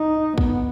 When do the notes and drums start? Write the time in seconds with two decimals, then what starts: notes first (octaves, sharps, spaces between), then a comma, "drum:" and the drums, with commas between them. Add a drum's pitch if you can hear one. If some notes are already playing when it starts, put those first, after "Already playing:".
Already playing: D#4
0.38 B3, drum: kick